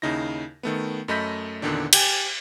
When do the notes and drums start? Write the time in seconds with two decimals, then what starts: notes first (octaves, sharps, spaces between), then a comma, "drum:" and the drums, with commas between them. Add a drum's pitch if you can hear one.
0.02 D#2 C#3 D#4 E4 A#6
0.63 D#3 A3 B3
1.08 F#2 A3 D#5 B5 G6 B6
1.62 E2 A#2 D3 D#3 D4
1.93 G4 G5 G#5, drum: cymbal